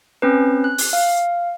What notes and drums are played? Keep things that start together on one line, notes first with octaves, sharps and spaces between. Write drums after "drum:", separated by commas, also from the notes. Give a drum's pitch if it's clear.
C4 C#4 B4
F#6
drum: open hi-hat
F5